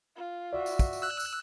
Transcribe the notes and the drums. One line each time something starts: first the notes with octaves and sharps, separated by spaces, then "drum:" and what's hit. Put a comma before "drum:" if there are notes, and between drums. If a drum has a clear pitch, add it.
F4
F#4 D5 E5
drum: tambourine
drum: kick, tambourine
drum: tambourine
E6 F#6
drum: tambourine